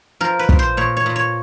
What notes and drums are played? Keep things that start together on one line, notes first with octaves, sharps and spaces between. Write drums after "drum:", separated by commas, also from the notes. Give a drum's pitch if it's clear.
F3 A#4
B4
A#2, drum: kick
C5
A#2 C#5
C#5
A#2
C#5